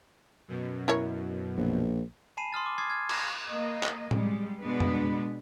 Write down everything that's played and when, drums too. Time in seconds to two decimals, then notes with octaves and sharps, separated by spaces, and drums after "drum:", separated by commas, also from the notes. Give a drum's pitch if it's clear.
0.48 F#2 B2
0.88 E4 A#4 C#5
1.57 A#1
2.37 G#5 A5 B5 C7 D#7 E7
2.53 C6 D#6 F6 A6
2.66 D6
2.78 D6 D#6 F6 G#6 A6 C7
2.90 F6 G#6
3.09 A#5 A#6, drum: cymbal
3.49 A#3 D#5
3.83 drum: clap
4.11 G3 G#3, drum: tom A2
4.62 B2 G#3 B3 D4 B4
4.80 drum: tom